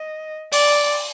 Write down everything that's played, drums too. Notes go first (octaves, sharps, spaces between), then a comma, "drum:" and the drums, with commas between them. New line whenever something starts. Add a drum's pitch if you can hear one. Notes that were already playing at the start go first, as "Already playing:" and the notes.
Already playing: D#5
D5, drum: open hi-hat